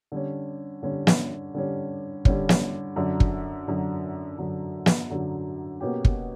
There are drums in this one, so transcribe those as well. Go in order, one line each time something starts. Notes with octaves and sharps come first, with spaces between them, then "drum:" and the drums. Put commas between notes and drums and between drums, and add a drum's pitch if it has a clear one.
D3 G3 C#4
D3 G3 C#4
drum: snare
D3 G3 C#4
D3 G3 C#4, drum: kick
drum: snare
F#2 D3 F#3
drum: kick
F#2 D3 F#3
F#2 D3 F#3
drum: snare
F#2 D3 F#3
B2 A#3 C#4 G4
drum: kick